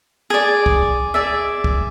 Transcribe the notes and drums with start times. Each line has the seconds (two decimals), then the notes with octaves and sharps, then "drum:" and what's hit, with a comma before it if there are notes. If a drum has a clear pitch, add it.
0.30 G#4 D5
0.66 drum: kick
1.14 G#4 D5 E5
1.64 drum: kick